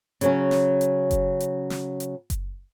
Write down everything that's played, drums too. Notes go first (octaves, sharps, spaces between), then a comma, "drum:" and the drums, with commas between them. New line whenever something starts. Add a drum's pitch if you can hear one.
C#3 F#3 C#4, drum: hi-hat
drum: snare
drum: hi-hat
drum: kick F#1, hi-hat
drum: hi-hat
drum: snare
drum: hi-hat
drum: kick F#1, hi-hat